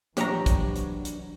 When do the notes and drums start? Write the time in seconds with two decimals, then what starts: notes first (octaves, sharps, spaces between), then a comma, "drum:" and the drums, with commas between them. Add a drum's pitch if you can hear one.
0.17 A#1 E3 F#3 D4 G4 C#5 A#5, drum: hi-hat
0.46 drum: kick, hi-hat
0.76 drum: hi-hat
1.05 drum: hi-hat